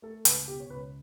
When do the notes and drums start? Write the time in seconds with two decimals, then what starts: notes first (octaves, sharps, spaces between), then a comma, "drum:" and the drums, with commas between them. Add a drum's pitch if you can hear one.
0.02 A3 A4
0.25 C#2 B4, drum: hi-hat
0.48 B2 G4
0.60 C#5
0.70 C#2 B4